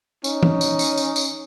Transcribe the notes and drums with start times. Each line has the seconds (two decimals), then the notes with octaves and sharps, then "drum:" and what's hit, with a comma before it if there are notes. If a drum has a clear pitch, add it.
0.24 C#4 D#4, drum: tambourine
0.43 drum: tom E3
0.61 drum: tambourine
0.79 drum: tambourine
0.97 drum: tambourine
1.16 drum: tambourine